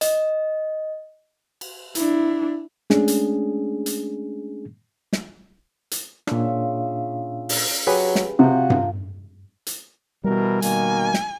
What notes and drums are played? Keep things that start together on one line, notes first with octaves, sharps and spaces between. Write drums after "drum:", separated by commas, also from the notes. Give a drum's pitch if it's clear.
D#5, drum: hi-hat
drum: cymbal
D4 E4, drum: hi-hat
G#3 A3 C#4 D4 G#4, drum: snare
drum: hi-hat
drum: hi-hat
drum: snare
drum: hi-hat
A#2 C#3 D4 F4 E5, drum: rim click
drum: open hi-hat
F#3 G4 G#4 B4
drum: snare
C3 F3 F#4 G5
drum: tom G2
drum: hi-hat
B2 E3 G3 A#4
B2 D#3 A#3 G#5, drum: hi-hat
drum: snare